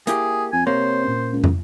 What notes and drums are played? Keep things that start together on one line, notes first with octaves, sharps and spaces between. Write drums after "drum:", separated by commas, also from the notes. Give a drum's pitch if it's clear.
A#3 E4 G4 G#4, drum: hi-hat
F2 G#5
C3 A#3 C5 C#5
A#2 C#4
C#2
drum: tom